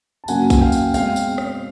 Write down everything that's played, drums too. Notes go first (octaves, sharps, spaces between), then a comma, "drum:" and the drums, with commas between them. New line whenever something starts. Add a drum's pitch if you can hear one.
A5
F#2 C#3 F#3 A#3 C#4 F#5 G#5, drum: tambourine
drum: kick, tambourine
F5 G5
drum: tambourine
B2 G#3 C4 F5 G5, drum: tambourine
drum: tambourine
drum: rim click